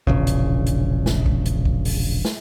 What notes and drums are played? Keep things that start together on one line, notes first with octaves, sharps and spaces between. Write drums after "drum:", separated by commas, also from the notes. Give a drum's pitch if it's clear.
E1 A#1 C#3, drum: kick
drum: hi-hat
drum: hi-hat
drum: snare
drum: kick
drum: hi-hat
drum: kick
drum: open hi-hat
drum: snare